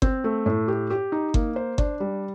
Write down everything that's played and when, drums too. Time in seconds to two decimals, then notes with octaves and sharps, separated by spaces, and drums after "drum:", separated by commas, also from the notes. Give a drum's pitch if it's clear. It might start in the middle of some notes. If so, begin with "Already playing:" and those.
0.02 C4, drum: kick G1
0.24 A3
0.46 A2
0.68 G4
0.90 G4
1.12 D#4
1.34 A#3, drum: kick G1
1.56 C5
1.78 D4, drum: kick G1
2.00 G3